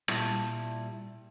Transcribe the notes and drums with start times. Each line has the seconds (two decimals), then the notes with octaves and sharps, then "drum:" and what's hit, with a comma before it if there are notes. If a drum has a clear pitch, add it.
0.08 A#2 G3 E4 A5, drum: rim click